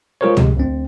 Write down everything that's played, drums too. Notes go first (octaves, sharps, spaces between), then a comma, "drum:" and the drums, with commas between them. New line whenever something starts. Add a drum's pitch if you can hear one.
G#3 F4 G#4 A#4 C5 C#5
C3 G#3, drum: tom C#2
D2 C4